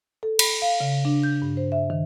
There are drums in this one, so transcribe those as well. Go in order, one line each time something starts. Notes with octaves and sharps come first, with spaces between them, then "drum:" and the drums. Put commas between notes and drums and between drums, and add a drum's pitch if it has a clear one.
A4
B5, drum: cymbal
F5
C#3
D4
G6
G2
C5
E5
D#3